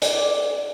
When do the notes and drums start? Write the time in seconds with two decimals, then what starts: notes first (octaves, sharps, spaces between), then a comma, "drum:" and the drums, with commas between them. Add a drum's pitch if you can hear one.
0.02 D4, drum: hi-hat